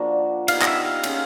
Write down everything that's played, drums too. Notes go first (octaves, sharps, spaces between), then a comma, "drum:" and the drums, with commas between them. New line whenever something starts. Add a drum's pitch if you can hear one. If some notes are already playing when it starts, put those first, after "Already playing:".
Already playing: F3 A#3 D4 F#4
B3 D#4 G4 F5, drum: cymbal
D#5, drum: clap
E5
F5
A#3 C#4 F4 G#4, drum: cymbal